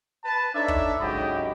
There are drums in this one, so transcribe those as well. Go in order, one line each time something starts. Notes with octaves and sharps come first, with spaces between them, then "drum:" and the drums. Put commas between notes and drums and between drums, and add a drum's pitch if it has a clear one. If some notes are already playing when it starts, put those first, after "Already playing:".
B4 A5
D4 D#4 A4 C#5 D5 E5
drum: kick
G#2 C#3 F#3 G4 D#5 B5